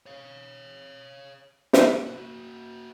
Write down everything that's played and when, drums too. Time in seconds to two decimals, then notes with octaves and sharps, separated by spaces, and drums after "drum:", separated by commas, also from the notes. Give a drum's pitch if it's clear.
0.06 C#5 F5
1.73 drum: snare
2.06 A#3 F#4